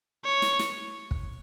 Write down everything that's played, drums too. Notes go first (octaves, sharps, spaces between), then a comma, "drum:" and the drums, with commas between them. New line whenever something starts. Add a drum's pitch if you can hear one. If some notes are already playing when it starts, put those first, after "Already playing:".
C#5
drum: snare
drum: snare
drum: kick